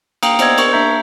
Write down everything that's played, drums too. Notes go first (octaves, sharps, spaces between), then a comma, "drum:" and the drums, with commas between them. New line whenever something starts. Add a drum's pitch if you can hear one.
A#3 F5 G5 A#5 D#6, drum: cymbal
B3 C5 D5 D#5 E6 G#6, drum: cymbal
A#4 C#6 G#6, drum: cymbal
A#3 D4 E5 A#5 G6